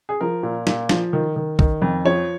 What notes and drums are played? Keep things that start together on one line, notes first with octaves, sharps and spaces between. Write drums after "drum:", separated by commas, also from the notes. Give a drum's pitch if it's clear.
G#4
F3 A#4
A#2
A#2, drum: snare
F3, drum: snare
D#3
D#3
D#3, drum: kick
F2
F3 C#5